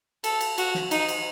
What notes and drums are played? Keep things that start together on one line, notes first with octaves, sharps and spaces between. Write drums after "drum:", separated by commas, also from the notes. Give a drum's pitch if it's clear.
A4, drum: cymbal
drum: cymbal
F#4, drum: cymbal
drum: snare
D#4, drum: cymbal
drum: cymbal